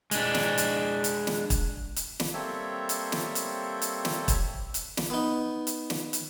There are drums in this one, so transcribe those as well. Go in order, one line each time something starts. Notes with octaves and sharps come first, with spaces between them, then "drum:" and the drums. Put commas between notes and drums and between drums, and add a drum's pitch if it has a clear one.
G#3 D4, drum: hi-hat
drum: snare
drum: hi-hat
drum: hi-hat
drum: snare
drum: kick, hi-hat
drum: hi-hat
drum: snare
G3 A#3 C4 A4 C#5 E5
drum: hi-hat
drum: snare
drum: hi-hat
drum: hi-hat
drum: snare
drum: kick, hi-hat
drum: hi-hat
drum: snare
B3 D#4
drum: hi-hat
drum: snare
drum: hi-hat